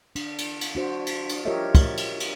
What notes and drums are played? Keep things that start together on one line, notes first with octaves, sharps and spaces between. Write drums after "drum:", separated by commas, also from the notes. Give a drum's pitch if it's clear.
D4, drum: cymbal
drum: cymbal
drum: cymbal
D4 F#4 C5
drum: cymbal
drum: cymbal
F4 G4 A#4 C#5 D#5 E5
drum: kick, cymbal
drum: cymbal
drum: cymbal